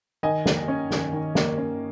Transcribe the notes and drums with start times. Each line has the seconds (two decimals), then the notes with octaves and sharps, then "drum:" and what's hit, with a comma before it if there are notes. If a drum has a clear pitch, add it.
0.23 D#3 D#5 G#5
0.46 A#3, drum: snare
0.68 C#4
0.91 D#3, drum: snare
1.13 D#3
1.35 A#3, drum: snare
1.58 C#4